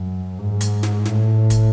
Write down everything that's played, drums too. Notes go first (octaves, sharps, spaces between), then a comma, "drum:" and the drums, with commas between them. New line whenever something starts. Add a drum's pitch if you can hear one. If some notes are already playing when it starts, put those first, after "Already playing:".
Already playing: F#2
G#2
drum: hi-hat
drum: snare
A2, drum: snare
drum: kick, hi-hat